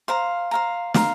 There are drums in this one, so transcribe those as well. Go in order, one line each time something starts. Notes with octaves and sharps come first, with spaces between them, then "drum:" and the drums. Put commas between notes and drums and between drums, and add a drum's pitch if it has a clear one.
C5 F5 A#5
C5 F5 A#5
C5 F5 A#5, drum: snare